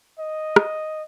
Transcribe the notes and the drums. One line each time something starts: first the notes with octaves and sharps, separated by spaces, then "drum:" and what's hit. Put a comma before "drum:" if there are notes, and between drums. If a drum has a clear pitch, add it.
D#5
drum: rim click